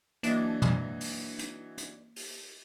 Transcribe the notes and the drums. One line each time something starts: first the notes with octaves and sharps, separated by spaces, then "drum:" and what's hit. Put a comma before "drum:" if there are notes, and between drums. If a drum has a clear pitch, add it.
E3 F#3 A#3 D4 D#5 E5 A6, drum: hi-hat
drum: tom
drum: open hi-hat
drum: hi-hat
drum: hi-hat
drum: open hi-hat